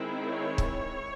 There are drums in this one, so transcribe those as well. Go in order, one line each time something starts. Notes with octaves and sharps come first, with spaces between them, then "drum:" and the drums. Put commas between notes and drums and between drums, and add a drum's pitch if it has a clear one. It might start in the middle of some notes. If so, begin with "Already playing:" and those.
Already playing: D#3 G#3 C4 E4
C#5
drum: kick